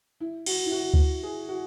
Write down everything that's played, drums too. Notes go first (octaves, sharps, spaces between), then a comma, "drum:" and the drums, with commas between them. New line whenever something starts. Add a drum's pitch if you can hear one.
E4
F#4, drum: cymbal
E4
F#4
drum: kick D2
G#4
F#4